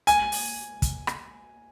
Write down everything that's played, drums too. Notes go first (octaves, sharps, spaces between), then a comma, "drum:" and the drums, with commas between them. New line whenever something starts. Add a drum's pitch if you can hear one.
G#5, drum: hi-hat
drum: open hi-hat
drum: kick, hi-hat
drum: rim click